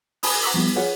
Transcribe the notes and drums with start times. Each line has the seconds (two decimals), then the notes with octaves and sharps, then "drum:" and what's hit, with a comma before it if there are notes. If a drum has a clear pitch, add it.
0.23 G#5 A5 B5 D#6, drum: open hi-hat
0.43 F#5 A#5 C#6 D6 E6 B6
0.54 F3 G3 B3 E4
0.76 F4 F#4 G#4 B4 C#5 F#5